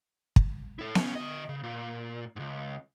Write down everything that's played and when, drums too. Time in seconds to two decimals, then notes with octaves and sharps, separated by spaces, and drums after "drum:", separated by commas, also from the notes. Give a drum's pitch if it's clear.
0.36 drum: kick
0.79 E4 A4
0.95 C2 C#4, drum: snare B3
1.15 D3 D#5
1.49 C#3
1.63 A#2
2.36 C#2 G#2